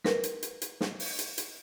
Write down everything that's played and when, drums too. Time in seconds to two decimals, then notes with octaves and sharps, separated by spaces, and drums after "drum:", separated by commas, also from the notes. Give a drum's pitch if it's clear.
0.04 A#4 B4, drum: snare
0.24 drum: hi-hat
0.43 drum: hi-hat
0.62 drum: hi-hat
0.81 drum: snare
1.00 drum: open hi-hat
1.19 drum: hi-hat
1.38 drum: hi-hat